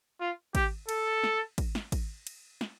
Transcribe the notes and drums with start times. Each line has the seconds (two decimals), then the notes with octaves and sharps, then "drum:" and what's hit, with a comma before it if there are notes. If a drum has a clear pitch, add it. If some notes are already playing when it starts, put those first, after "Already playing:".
0.20 F4
0.55 G4, drum: kick, cymbal
0.89 A4, drum: cymbal
1.24 drum: snare
1.58 drum: kick, cymbal
1.75 drum: snare
1.92 drum: kick, cymbal
2.27 drum: cymbal
2.61 drum: snare